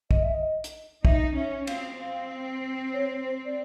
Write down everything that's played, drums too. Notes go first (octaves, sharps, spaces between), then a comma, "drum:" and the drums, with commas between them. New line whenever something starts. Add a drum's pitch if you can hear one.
D#5, drum: kick
E5
D#5
drum: hi-hat
D#4 E5, drum: kick
C#4 E5
C4 F5, drum: cymbal
C4 F5
C#5
C5
D5